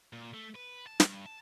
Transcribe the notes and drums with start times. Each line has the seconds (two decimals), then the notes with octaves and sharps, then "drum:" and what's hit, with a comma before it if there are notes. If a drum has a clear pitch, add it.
0.13 A#2
0.33 A3
0.55 B4
0.87 A5
1.00 G2, drum: snare
1.26 A5